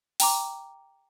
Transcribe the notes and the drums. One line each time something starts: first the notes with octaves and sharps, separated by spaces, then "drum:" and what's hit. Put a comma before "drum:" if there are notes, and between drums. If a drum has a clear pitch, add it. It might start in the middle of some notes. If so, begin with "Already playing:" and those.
G5 A#5 D6, drum: open hi-hat